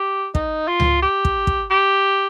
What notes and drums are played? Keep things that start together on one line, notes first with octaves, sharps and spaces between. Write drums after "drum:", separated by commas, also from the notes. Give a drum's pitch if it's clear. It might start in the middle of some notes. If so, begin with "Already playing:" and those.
Already playing: G4
D#4, drum: kick
F4
drum: tom C#2
G4
drum: kick
drum: kick
G4